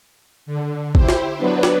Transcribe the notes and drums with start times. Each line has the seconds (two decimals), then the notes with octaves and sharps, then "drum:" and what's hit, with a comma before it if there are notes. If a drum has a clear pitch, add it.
0.46 D3
0.95 E4 G4 C5, drum: kick
1.09 drum: snare
1.36 F#3 B3 D4 B4
1.63 drum: snare